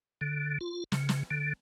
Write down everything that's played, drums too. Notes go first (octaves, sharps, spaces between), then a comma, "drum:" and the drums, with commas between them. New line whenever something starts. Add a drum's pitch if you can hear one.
D3
F4
C#3, drum: snare
drum: snare
D3